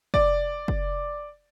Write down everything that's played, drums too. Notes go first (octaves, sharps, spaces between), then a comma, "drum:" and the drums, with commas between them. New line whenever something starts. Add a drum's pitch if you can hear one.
D5, drum: kick
drum: kick